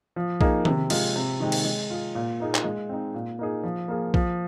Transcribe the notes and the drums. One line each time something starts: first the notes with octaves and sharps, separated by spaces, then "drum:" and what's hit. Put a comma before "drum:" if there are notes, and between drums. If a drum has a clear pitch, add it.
F3
A#3 D#4 G#4, drum: kick A#1
C3, drum: tom D#3
G#3 F4, drum: cymbal
C3
D#3 G#3 C4
drum: cymbal
G#3
F4 G#4
A#2
A#3 D#4 G#4
drum: clap
G#3
C4 D#4
A#2
A#3 D#4 G#4
F3
A#3 F4 G#4
F3, drum: kick A#1